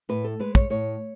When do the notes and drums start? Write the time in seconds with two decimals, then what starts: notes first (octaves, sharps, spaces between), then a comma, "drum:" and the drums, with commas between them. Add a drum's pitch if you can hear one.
0.09 A2 B4
0.24 A4
0.39 G#3 B4
0.55 C#5, drum: kick
0.70 A2 C#5